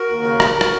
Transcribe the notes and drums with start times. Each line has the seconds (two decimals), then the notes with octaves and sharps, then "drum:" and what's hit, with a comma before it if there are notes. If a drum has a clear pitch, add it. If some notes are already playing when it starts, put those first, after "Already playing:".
Already playing: F#4 A#4
0.09 D#2
0.24 C#3
0.40 drum: rim click
0.61 drum: rim click